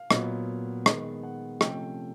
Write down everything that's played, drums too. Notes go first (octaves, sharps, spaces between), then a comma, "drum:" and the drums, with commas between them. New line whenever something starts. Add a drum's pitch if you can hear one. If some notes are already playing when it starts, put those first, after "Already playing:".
Already playing: F5
A#2 F#3 B3, drum: rim click
D#3 G#3 B3, drum: rim click
F#5
C3 F3 A3 C#4 G5, drum: rim click